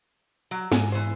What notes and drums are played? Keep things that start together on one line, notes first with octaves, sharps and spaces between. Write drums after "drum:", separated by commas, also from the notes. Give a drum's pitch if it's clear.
F#3
G#2 G#5, drum: snare
E3 C5